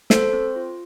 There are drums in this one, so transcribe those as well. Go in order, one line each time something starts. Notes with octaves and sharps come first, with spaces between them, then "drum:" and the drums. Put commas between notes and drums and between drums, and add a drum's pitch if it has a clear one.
A4 C5, drum: snare
C4
F4